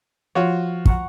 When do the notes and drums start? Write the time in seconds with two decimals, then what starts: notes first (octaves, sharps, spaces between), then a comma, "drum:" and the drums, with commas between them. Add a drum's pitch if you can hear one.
0.35 F3 F4 F#4 C#5
0.85 F#5 A#5 C#6, drum: kick